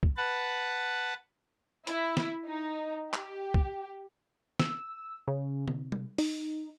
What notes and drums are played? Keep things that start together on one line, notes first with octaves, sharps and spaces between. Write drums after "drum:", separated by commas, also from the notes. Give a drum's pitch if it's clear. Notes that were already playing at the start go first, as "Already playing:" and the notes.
drum: kick
B4 F#5 A5
E4, drum: hi-hat
drum: snare
D#4
G4, drum: clap
drum: kick
E6, drum: snare
C#3
C3, drum: tom D3
drum: tom G3
D#4, drum: open hi-hat